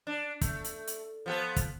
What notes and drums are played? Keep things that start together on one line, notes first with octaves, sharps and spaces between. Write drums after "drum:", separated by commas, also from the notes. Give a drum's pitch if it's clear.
D4
A3, drum: kick, hi-hat
drum: hi-hat
drum: hi-hat
F3 B3 A4
drum: kick, hi-hat